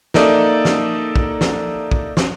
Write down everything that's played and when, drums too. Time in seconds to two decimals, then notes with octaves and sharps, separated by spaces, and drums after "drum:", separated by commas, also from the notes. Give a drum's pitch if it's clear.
0.14 A#3 D#4 A4 D5 E5 D#6, drum: snare
0.65 drum: snare
1.16 drum: kick
1.41 drum: snare
1.91 drum: kick
2.17 drum: snare